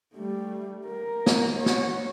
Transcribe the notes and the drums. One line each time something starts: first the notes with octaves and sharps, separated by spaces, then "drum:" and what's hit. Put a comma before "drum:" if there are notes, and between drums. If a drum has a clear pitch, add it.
G3 A3
A#4
drum: snare
F#4 C#5
drum: snare